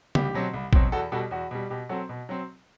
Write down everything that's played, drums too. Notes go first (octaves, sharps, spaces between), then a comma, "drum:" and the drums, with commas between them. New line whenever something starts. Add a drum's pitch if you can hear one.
C2 G4, drum: tom C#3
B2 F#3 C4
C2
B2 F#3 C4, drum: kick
E2 F#4 A4
B2 G3 F#4 A4
E2 F#4
B2 G3
B2 G4
F#3 C4 F#4 A4
B2
F#3 C4